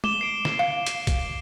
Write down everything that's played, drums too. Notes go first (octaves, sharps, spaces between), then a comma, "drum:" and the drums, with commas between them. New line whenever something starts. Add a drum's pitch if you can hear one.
D6 E7 G7, drum: tom
C7 D7
drum: snare
F5
drum: hi-hat
drum: kick A#1, hi-hat